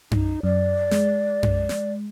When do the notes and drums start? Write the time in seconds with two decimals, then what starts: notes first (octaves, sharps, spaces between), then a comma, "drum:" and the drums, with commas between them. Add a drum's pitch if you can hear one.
0.11 D#4, drum: tom F#2
0.43 F#2 D5
0.91 G#3, drum: snare
1.43 drum: tom F#2
1.69 drum: snare